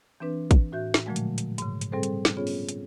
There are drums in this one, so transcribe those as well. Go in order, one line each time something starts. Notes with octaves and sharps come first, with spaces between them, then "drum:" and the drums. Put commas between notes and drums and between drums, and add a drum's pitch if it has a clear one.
E3 C4 D4 B4
drum: kick, hi-hat
A2 F#4 E5 G6
drum: snare
A#2 D3 F3 F#3 G#3 A3
drum: hi-hat
drum: hi-hat
G#2 C#3, drum: hi-hat
drum: hi-hat
G3 C4 G#4 A4 C5
drum: hi-hat
drum: snare
B3 C#4 F4 G#4 C#5
drum: open hi-hat
drum: hi-hat